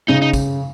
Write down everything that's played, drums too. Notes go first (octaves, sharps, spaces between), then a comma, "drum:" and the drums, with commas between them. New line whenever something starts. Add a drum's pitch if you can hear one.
C#3 D#4
D#4
drum: kick, tambourine